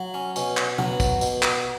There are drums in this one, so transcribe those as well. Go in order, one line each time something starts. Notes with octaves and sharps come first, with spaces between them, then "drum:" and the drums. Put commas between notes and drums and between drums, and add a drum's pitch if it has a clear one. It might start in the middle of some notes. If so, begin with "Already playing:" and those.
Already playing: F#3
C#4
B2 C#4, drum: tambourine
drum: clap
F#3 B3, drum: tom
drum: kick, tambourine
B2, drum: tambourine
drum: clap